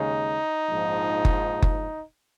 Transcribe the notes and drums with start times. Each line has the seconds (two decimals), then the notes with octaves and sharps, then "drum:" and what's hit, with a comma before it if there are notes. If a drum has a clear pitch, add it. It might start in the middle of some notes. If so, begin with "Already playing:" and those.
Already playing: D#2 C#3 G#3 D#4
0.68 A#1 G#2 F3
1.25 drum: kick F#1
1.62 drum: kick F#1